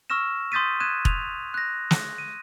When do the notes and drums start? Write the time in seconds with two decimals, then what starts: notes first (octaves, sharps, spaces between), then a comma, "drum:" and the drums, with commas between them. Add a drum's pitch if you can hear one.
0.10 C#6 E6 F6 A#6 E7
0.52 C6 D#6 G6 A6 B6 D#7
0.80 D#6 F#6 G#6 D#7 E7
1.05 F7, drum: kick F1
1.54 F#6 A#6
1.91 drum: snare
2.18 D#7